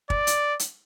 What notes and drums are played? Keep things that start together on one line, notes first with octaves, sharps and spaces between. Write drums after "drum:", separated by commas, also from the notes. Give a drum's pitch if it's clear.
D5, drum: kick
drum: hi-hat
drum: hi-hat